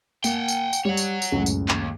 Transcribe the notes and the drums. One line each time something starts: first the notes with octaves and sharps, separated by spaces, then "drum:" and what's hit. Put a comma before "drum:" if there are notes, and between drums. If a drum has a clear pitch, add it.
A#3 F#5 G5, drum: tambourine
drum: tambourine
drum: tambourine
G3 C#5 F#5
drum: tambourine
drum: tambourine
C#2 F#2 A2
drum: tambourine
D#2, drum: clap